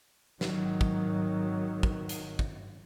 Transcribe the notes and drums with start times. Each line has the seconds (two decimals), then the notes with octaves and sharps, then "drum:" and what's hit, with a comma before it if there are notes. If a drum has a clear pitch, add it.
0.41 G#1 D#3 F#3, drum: snare
0.81 drum: kick
1.83 drum: kick
2.09 drum: hi-hat
2.39 drum: kick